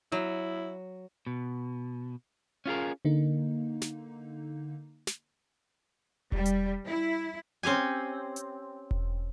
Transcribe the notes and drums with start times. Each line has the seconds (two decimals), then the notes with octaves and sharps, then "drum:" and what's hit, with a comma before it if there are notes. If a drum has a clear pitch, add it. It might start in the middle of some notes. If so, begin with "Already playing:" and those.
0.12 F#3 E4
1.27 B2
2.66 C#4 F4 G#4 A#4
3.05 D3 A#3 D#4
3.82 drum: snare
5.07 drum: snare
6.32 G3, drum: kick E1
6.45 drum: hi-hat
6.86 E4
7.63 C4 C#4 G4 G#5
8.36 drum: hi-hat
8.91 drum: kick E1